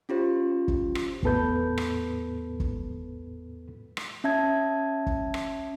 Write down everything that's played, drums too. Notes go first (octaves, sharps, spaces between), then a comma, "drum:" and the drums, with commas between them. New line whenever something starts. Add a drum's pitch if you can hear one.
C#4 F4 G4 C5
drum: kick
drum: rim click
E2 A2 B3 A4 B4 G6, drum: kick
drum: rim click
drum: kick
drum: rim click
C#4 E5 A5 G#6
drum: kick
drum: rim click